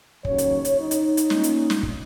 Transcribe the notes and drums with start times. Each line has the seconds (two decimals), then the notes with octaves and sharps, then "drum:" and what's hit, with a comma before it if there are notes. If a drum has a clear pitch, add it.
0.25 D#2 C#3 F#3 C#4 C#5, drum: kick
0.38 drum: hi-hat
0.65 drum: hi-hat
0.78 D#4
0.91 drum: hi-hat
1.17 drum: hi-hat
1.30 A#2 A#3 C#4, drum: snare
1.44 drum: hi-hat
1.70 drum: snare
1.83 drum: kick